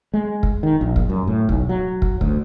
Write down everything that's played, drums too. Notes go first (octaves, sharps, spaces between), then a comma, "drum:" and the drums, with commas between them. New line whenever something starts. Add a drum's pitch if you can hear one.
G#3
drum: kick
D#3
A#1
drum: kick
F#2
A2
B1, drum: kick
F#3
drum: kick
D2, drum: kick